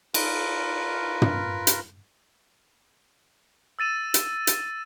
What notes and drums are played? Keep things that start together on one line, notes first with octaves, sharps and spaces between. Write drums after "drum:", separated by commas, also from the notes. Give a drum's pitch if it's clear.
F4 A#4 B4, drum: cymbal
drum: tom
drum: hi-hat
E6 A6 D#7 E7
drum: hi-hat
drum: hi-hat